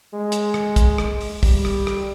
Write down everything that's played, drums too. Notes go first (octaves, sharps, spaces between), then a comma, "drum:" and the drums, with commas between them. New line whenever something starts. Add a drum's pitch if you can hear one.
G#3
drum: hi-hat
drum: rim click
drum: kick, hi-hat
drum: rim click
drum: open hi-hat
G3, drum: kick, open hi-hat
drum: rim click
drum: rim click